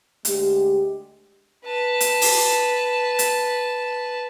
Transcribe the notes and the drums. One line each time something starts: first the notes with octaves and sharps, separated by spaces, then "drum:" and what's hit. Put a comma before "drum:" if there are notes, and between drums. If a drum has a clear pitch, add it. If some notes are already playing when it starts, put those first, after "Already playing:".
D2 G#3 G4, drum: hi-hat
B4 A5
drum: hi-hat
drum: open hi-hat
drum: hi-hat